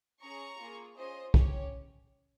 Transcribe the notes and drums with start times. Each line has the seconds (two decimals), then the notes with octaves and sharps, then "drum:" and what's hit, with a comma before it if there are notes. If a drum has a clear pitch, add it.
0.21 C#4 G#4 A#5 C#6
0.59 A#3 F4 G#4
0.97 C#4 F4 G#4 C5 D#5
1.34 C#4 G4 C#5, drum: kick